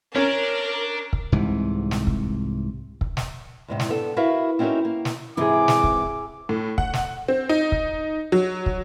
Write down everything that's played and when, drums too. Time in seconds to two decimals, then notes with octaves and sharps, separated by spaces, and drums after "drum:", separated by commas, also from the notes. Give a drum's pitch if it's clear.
0.16 C#4 D4 A#4
1.13 drum: kick
1.32 C2 G#2 C3 E3
1.91 drum: snare
2.07 drum: kick
3.01 drum: kick
3.17 drum: snare
3.68 E2 G#2 C3
3.80 drum: snare
3.89 B3 D4 A4
4.17 E4 F#4 A#4 B4 E5 F5
4.59 C4 C#4 D#4 E4 F#4 A#4
4.85 A#3
5.05 drum: snare
5.37 G#2 C3 E3 E4 G#4 D6
5.68 drum: snare
5.84 drum: kick
6.49 A2
6.78 F#5, drum: kick
6.93 drum: snare
7.28 C4
7.49 D#4
7.72 drum: kick
8.32 F#3
8.66 drum: kick